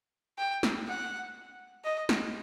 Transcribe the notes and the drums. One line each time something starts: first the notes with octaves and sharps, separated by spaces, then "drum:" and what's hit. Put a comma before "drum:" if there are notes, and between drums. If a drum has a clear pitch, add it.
G5
drum: snare
F#5
D#5
drum: snare